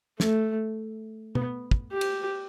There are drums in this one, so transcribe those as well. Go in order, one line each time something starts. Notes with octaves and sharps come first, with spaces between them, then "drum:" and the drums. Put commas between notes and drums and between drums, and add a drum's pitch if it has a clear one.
A3, drum: snare
B3, drum: tom B2
drum: kick
G4
drum: cymbal